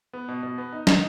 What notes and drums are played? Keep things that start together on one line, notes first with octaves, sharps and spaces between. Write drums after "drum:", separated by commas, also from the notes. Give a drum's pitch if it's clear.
B3
B2
B2
B3
D#4
D#4, drum: snare